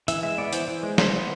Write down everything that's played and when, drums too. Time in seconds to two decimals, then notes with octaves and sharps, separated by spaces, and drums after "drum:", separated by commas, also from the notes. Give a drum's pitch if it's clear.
0.08 E3 E5, drum: hi-hat
0.23 G#3 E5
0.38 B3 D5
0.53 E3 C5, drum: hi-hat
0.68 E3
0.83 G#3
0.98 E3 C5, drum: snare
1.13 B3